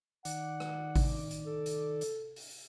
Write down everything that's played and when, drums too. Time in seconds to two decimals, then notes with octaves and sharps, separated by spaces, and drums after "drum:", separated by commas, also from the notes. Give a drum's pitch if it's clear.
0.25 D#3 D5 F#5, drum: hi-hat
0.60 drum: rim click
0.96 drum: kick G#1, open hi-hat
1.31 drum: hi-hat
1.47 A4
1.66 drum: hi-hat
2.01 drum: hi-hat
2.36 drum: open hi-hat